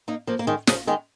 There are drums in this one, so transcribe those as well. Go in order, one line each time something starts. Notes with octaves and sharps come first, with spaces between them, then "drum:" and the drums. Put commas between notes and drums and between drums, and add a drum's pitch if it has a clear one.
A#3 D#4
F3 A#3
A#3
D#3 G#3
C#3 F3, drum: snare
D#3 G#3